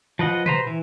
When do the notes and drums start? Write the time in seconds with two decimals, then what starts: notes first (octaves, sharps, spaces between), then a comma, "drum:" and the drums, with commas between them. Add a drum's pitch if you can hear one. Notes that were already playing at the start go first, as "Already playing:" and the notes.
0.19 F3 B4 D#5 F#5
0.46 B4 C5 A#5, drum: tom A#2
0.67 E3